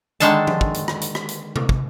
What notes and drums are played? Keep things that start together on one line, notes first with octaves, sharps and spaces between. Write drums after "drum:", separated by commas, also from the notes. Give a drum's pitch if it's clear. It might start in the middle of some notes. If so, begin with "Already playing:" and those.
D3 D#3 G#3 A4 A5, drum: hi-hat
drum: tom F3
drum: kick
drum: hi-hat
drum: rim click
drum: hi-hat
drum: rim click
drum: hi-hat
drum: tom C3
drum: kick